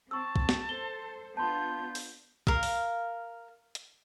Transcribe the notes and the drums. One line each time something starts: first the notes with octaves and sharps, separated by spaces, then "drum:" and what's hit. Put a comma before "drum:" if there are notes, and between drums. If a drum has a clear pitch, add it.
C4 A5 C#6 E6
drum: kick
drum: snare
A4 C5 G7
B3 D4 F4 A5 C6 G6
drum: open hi-hat
A#4 F5, drum: kick
drum: open hi-hat
drum: hi-hat